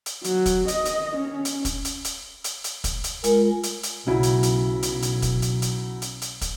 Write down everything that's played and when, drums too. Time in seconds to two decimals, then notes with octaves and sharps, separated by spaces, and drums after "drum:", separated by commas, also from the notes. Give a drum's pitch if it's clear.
0.06 drum: hi-hat
0.24 F#3, drum: hi-hat
0.46 drum: kick, hi-hat
0.68 D#5, drum: hi-hat
0.85 drum: hi-hat
1.17 C#4
1.45 drum: hi-hat
1.65 drum: kick, hi-hat
1.85 drum: hi-hat
2.04 drum: hi-hat
2.44 drum: hi-hat
2.64 drum: hi-hat
2.84 drum: kick, hi-hat
3.04 drum: hi-hat
3.24 G#3 F4 A#4 G#5, drum: hi-hat
3.63 drum: hi-hat
3.83 drum: hi-hat
4.07 B1 C#3 F#3 E4
4.23 drum: hi-hat
4.43 drum: hi-hat
4.83 drum: hi-hat
5.02 drum: hi-hat
5.22 drum: kick, hi-hat
5.42 drum: hi-hat
5.62 drum: hi-hat
6.02 drum: hi-hat
6.22 drum: hi-hat
6.41 drum: kick, hi-hat